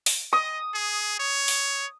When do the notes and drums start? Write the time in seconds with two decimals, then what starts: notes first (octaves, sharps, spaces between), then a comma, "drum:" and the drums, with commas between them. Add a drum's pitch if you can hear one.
0.06 drum: open hi-hat
0.33 D#5 D#6
0.75 G#4
1.20 C#5
1.48 drum: open hi-hat